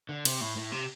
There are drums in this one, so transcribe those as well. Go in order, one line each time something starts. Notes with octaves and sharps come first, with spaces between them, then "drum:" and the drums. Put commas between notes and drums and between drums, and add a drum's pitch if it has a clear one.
D3
C3, drum: cymbal
A2
A2
C3